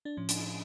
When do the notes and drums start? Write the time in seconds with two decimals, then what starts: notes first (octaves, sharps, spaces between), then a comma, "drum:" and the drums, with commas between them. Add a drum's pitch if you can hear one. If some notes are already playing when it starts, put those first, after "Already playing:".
0.05 D4
0.17 A2 F3 C#4
0.29 D4, drum: hi-hat
0.40 D4